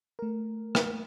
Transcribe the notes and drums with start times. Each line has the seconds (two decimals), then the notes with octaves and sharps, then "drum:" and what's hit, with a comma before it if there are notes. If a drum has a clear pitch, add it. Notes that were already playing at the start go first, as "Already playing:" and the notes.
0.19 A3 A#4
0.75 drum: rim click